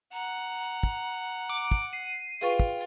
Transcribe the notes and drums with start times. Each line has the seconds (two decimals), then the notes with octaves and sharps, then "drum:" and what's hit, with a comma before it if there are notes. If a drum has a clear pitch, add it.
0.13 F#5 A#5
0.83 drum: kick
1.49 D6
1.71 drum: kick
1.93 C7 D#7
2.41 F4 G#4 B4 G5 C#6
2.60 drum: kick